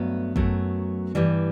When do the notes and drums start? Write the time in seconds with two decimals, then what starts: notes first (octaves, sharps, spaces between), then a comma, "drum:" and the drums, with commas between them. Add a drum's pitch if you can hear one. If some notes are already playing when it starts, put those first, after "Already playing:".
Already playing: G2 F#3 A3 B3
0.36 F#2 F#3 A3, drum: kick
1.15 G2 E3 G3